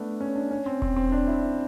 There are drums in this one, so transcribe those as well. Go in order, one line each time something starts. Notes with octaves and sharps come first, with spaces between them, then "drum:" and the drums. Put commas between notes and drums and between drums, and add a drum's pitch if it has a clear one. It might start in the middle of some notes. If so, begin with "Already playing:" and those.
Already playing: A3 B3 D4
C#4
D4
C#4
C4
C4, drum: kick E1
C4
D4
E4